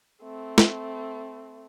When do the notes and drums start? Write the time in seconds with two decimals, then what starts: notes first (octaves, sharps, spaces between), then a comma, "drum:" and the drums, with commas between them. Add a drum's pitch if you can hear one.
0.23 A3 C4
0.58 drum: snare